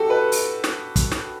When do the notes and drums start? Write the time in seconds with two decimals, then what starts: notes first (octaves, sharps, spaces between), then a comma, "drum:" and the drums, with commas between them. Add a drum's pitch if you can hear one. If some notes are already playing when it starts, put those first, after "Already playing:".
Already playing: F#4 G4 A4
0.10 B4
0.32 drum: open hi-hat
0.64 drum: snare
0.96 drum: kick, hi-hat
1.12 drum: snare